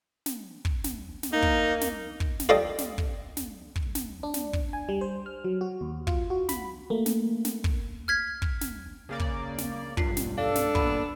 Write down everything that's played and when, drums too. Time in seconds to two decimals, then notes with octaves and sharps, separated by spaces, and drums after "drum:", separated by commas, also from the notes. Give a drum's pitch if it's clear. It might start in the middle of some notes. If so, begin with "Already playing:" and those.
0.26 drum: snare
0.65 drum: kick
0.84 drum: snare
1.23 drum: snare
1.33 A#3 D#4
1.42 drum: kick
1.81 drum: snare
2.20 drum: kick
2.40 drum: snare
2.49 F4 G4 A4 C5 D5 D#5
2.78 drum: snare
2.98 drum: kick
3.37 drum: snare
3.76 drum: kick
3.95 drum: snare
4.23 D4
4.34 drum: snare
4.53 drum: kick
4.73 G#5
4.89 G3
5.01 C5
5.26 F6
5.44 F#3
5.61 F#4
5.81 D#2
6.07 F4, drum: kick
6.30 F#4
6.49 B5, drum: snare
6.90 A3 A#3
7.06 drum: snare
7.45 drum: snare
7.64 drum: kick
8.08 F6 G#6 B6
8.42 drum: kick
8.61 drum: snare
9.09 C#3 A#3 D5
9.19 drum: kick
9.58 drum: snare
9.97 B1 G2 F4 C7, drum: kick
10.17 drum: snare
10.38 D4 A4 F5
10.55 drum: snare
10.75 G1 A#2 B3 B5, drum: kick